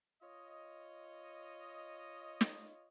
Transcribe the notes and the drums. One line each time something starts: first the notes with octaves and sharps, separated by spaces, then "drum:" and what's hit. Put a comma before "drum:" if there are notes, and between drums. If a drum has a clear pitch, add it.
F4 C#5 D#5
drum: snare